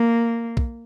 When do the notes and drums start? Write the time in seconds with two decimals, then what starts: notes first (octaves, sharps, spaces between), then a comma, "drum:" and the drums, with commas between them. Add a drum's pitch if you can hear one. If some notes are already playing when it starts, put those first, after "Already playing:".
Already playing: A#3
0.57 drum: kick